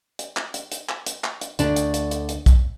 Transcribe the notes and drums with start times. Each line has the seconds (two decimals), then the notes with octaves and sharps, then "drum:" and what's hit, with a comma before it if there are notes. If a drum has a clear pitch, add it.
0.19 drum: hi-hat
0.37 drum: clap
0.54 drum: hi-hat
0.72 drum: hi-hat
0.89 drum: clap
1.07 drum: hi-hat
1.24 drum: clap
1.41 drum: hi-hat
1.59 D2 D4, drum: hi-hat
1.76 drum: hi-hat
1.94 drum: hi-hat
2.11 drum: hi-hat
2.29 drum: hi-hat
2.46 drum: kick, hi-hat